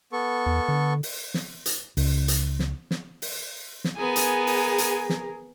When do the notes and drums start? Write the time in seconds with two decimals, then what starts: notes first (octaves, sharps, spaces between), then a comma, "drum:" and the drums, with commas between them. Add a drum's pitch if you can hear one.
0.12 B3 A4 C#6
0.46 E2
0.69 D3
1.03 drum: open hi-hat
1.34 drum: snare
1.66 drum: hi-hat
1.97 C#2, drum: open hi-hat
2.28 drum: hi-hat
2.59 drum: snare
2.91 drum: snare
3.22 drum: open hi-hat
3.84 drum: snare
3.97 B3 G#4 A#4 G#5
4.16 drum: hi-hat
4.47 drum: open hi-hat
4.78 drum: hi-hat
5.09 drum: snare